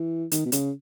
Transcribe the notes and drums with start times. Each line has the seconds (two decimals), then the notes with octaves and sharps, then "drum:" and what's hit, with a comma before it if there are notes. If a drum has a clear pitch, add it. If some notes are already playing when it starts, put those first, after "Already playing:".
Already playing: E3
0.31 D#3, drum: hi-hat
0.45 B2
0.52 C#3, drum: hi-hat